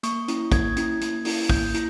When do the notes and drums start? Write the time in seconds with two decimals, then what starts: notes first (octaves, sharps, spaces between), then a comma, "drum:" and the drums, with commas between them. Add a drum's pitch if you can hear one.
0.03 A#3 C#6, drum: hi-hat
0.28 C#4 E4, drum: hi-hat
0.52 A#3 G#6, drum: kick, hi-hat
0.77 C#4 E4, drum: hi-hat
1.01 A#3, drum: hi-hat
1.25 C#4 E4, drum: open hi-hat
1.50 A#3 G6, drum: kick
1.74 E4, drum: hi-hat